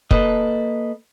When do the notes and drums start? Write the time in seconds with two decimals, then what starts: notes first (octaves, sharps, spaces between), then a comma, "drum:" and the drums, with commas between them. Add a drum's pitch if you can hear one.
0.11 A#3 A4 B4 D#5, drum: kick